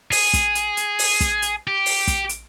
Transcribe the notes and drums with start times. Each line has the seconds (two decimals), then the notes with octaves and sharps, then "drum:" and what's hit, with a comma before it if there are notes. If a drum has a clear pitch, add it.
0.12 G#4, drum: open hi-hat
0.34 drum: kick, hi-hat
0.55 drum: hi-hat
0.77 drum: hi-hat
0.99 drum: open hi-hat
1.20 drum: kick, hi-hat
1.42 drum: hi-hat
1.67 G4
1.86 drum: open hi-hat
2.07 drum: kick, hi-hat
2.29 drum: hi-hat